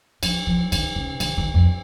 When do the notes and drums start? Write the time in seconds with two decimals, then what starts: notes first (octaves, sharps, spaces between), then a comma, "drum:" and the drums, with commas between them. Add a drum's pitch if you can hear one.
0.23 F3, drum: cymbal
0.47 F3
0.72 D#3, drum: cymbal
0.96 C#3
1.20 D#3, drum: cymbal
1.38 D#3
1.54 F2